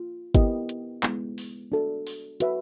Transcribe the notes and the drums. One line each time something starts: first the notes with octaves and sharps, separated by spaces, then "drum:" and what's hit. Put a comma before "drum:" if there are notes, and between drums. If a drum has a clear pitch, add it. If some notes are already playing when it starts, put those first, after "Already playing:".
Already playing: F4
B3 E4 G4 A#4 D#5, drum: kick G1, hi-hat
drum: hi-hat
G#3 B3 E4, drum: clap
drum: open hi-hat
D4 F#4 A4
drum: open hi-hat
F#4 B4 E5, drum: hi-hat